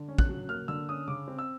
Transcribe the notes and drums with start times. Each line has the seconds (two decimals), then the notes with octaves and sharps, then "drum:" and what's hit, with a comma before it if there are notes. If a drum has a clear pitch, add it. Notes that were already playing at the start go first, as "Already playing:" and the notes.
Already playing: D3
0.08 C#4
0.18 F#6, drum: kick
0.29 F#3
0.49 A#3 F6
0.68 D3 E6
0.89 C#4 D#6
1.08 C#3 D6
1.28 C4
1.39 E6